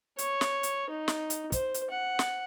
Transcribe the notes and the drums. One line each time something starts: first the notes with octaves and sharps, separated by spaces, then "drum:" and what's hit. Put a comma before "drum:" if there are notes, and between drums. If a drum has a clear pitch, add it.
C#5, drum: hi-hat
drum: snare
drum: hi-hat
D#4
drum: snare
drum: hi-hat
C5, drum: kick, hi-hat
drum: hi-hat
F#5
drum: snare